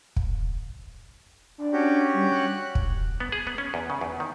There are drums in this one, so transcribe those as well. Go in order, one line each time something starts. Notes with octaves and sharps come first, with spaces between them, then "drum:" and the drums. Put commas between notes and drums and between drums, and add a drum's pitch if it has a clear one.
drum: kick
D4
C#4 F#4 G4
G3
F#6
drum: kick
B3
G#4
B3
C#4
E2
C#3
E2
D#3